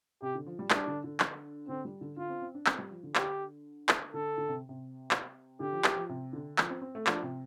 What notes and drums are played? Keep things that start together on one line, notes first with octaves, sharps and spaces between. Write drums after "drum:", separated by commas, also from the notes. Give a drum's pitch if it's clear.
C3 G4
D3
F3
G3
G3 D4, drum: clap
D3
D3
drum: clap
D3 C4
G3
D3
D3 F4
C4
C4
D4
C4, drum: clap
G3
F3
D3
G4, drum: clap
drum: clap
D3 A4
D3
C3
C3
drum: clap
D3 G4
F3
drum: clap
F3
C3
D3
F3, drum: clap
C4
C4
A3
F3 D4, drum: clap
C3